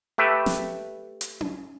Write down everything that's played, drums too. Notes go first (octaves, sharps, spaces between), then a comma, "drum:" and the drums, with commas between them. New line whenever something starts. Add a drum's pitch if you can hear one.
A3 G4 B4 E5
drum: snare
drum: hi-hat
drum: tom C#4